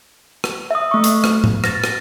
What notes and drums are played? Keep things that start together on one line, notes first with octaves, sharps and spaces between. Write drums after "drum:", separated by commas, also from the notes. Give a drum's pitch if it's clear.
drum: rim click
E5 D#6
A3 C#6
drum: hi-hat
drum: rim click
drum: tom A2
A6 A#6, drum: rim click
drum: rim click